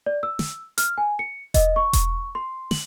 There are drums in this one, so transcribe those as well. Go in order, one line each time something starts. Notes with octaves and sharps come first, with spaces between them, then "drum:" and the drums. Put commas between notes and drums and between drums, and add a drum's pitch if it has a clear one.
D5
E6
drum: snare
F6, drum: hi-hat
G#5
C#7
D#5, drum: kick E1, hi-hat
C#6
drum: kick E1, hi-hat
C6
F#7, drum: snare